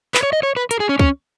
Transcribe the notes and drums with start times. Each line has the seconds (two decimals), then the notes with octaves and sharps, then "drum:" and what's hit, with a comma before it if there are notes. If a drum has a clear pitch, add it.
0.15 B4, drum: clap
0.23 C#5
0.33 D#5
0.43 C#5
0.57 B4
0.71 A#4, drum: hi-hat
0.80 G#4
0.89 C#4
0.99 C#4, drum: kick